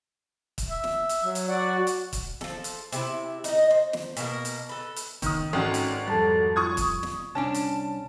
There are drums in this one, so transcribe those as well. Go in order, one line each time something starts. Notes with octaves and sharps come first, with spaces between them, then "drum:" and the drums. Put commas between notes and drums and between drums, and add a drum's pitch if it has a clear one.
drum: kick, hi-hat
E5
drum: snare
drum: hi-hat
F#3
drum: hi-hat
F#4 D5 F#5
drum: hi-hat
drum: kick, hi-hat
F3 A4, drum: snare
drum: hi-hat
C3 E4, drum: hi-hat
D#4 D#5, drum: hi-hat
C5
drum: snare
B2 A#3 A#4, drum: hi-hat
drum: hi-hat
A4 B4
drum: hi-hat
D#3 D#6, drum: kick, hi-hat
G#1 C#4 D#4 F#4 A4 G5
drum: hi-hat
F2 G3 A4 A5 A6
F4 C#6 D#6 G#6
drum: kick, hi-hat
drum: snare
C2 C#4 D4 C#5 G#5 A5
drum: hi-hat